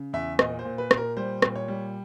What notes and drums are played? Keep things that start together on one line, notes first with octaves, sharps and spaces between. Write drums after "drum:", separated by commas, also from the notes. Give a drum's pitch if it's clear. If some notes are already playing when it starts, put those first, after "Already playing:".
Already playing: C#3
E2 E5
A#2 D#5, drum: rim click
C5
A#2
B4
A#2, drum: rim click
A#4
G3 C5
A#2, drum: rim click
C#5
G3